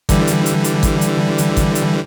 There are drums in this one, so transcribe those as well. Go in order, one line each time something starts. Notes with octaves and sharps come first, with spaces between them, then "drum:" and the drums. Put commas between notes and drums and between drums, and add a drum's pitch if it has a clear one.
D3 E3 G3, drum: kick G#1, hi-hat
drum: hi-hat
drum: hi-hat
drum: hi-hat
drum: kick G#1, hi-hat
drum: hi-hat
drum: hi-hat
drum: kick G#1, hi-hat
drum: hi-hat